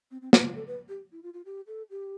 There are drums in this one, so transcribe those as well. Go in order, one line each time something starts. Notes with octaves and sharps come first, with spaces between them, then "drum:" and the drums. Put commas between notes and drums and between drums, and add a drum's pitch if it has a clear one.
C4
C4
E4, drum: snare
F4
A4
B4
G4
E4
F4
F4
G4
A4
G4